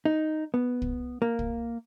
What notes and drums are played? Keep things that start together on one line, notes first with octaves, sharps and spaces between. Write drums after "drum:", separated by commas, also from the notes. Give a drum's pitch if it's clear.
D#4
B3
drum: kick
A#3
drum: kick